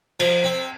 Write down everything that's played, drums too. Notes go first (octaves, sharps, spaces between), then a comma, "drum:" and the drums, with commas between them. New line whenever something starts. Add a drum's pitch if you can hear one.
F3, drum: cymbal
C4